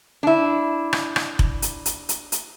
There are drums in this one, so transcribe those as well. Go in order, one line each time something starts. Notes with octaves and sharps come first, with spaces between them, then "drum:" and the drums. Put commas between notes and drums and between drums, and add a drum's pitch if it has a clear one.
D4 E4
drum: rim click
drum: rim click
drum: kick F1
drum: hi-hat
drum: hi-hat
drum: hi-hat
drum: hi-hat